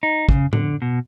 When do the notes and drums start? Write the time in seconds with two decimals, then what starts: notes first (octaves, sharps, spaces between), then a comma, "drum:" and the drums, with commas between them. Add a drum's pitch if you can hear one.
0.03 D#4
0.29 C#3, drum: kick
0.53 D3, drum: tom A2
0.82 B2